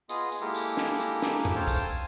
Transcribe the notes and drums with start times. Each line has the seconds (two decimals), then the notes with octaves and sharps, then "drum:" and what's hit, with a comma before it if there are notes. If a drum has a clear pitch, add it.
0.09 B3 F4 G#4 D#5, drum: tambourine
0.32 drum: tambourine
0.41 G#3 A#3 E4 G4 A4 A#4
0.55 drum: tambourine
0.77 drum: snare
1.00 drum: tambourine
1.22 drum: snare
1.45 drum: tom E2
1.56 A4 C5 C#5 F5 G5 A5
1.68 drum: kick, tambourine
1.84 G#5